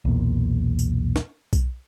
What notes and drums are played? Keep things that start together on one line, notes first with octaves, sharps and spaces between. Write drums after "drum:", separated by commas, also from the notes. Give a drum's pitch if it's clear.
B1 E2 A#2
drum: tambourine
drum: snare
drum: kick B1, tambourine